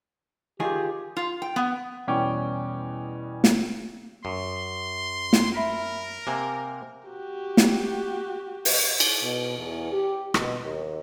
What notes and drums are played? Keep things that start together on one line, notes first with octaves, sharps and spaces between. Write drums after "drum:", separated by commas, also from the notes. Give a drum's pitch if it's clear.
D#3 F4 G4 G#4
F4
G5
B3
E2 B2 G3 C#4 G5 D6
drum: snare
F#2 C6
drum: snare
A#4 E5 B5 B6
C3 A#3 G#5
F#4 G4
drum: snare
drum: open hi-hat
drum: cymbal
B2
E2
G4
B2, drum: rim click
D#2